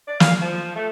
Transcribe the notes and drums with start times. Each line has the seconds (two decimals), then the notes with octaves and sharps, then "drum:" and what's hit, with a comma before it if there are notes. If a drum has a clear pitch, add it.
0.08 D5
0.20 F5, drum: snare
0.41 F3
0.76 A3